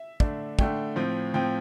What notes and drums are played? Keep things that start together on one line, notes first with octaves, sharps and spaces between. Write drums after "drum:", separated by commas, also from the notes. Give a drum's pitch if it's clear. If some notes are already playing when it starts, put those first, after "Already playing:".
Already playing: E5
D3 A3 D4, drum: kick
D3 A3 D4 G5, drum: kick
A2 F3 C4
A2 F3 C4 G5